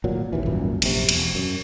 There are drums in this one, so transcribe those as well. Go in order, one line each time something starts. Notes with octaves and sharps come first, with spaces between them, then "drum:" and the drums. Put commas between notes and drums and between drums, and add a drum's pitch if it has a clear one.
G#1 A#2 F#3
A#1 D#2 E3
D#1 G#1 F#2 A#2
A#1 F#2 C3, drum: cymbal
E1, drum: cymbal
F#2